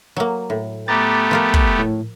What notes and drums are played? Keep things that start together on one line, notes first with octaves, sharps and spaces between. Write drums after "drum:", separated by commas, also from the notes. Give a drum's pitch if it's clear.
F#3 A#3
A2
A3 B3 G4 A#5 D6 A6
F3 F4 A#4
drum: kick
A2